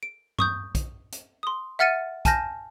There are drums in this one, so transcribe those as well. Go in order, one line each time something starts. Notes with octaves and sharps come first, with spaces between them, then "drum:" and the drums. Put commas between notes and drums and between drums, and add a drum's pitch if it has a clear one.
D7
C#6 D#6 G6, drum: tom G2
drum: kick, hi-hat
drum: hi-hat
C6 D#6
E5 F#5 F6 A6 C#7 D#7
G#5 A5 F6 G6 A#6, drum: kick, hi-hat